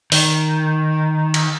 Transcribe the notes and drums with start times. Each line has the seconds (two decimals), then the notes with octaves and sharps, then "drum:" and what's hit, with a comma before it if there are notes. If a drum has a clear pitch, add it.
0.12 D#3, drum: open hi-hat
1.34 drum: cymbal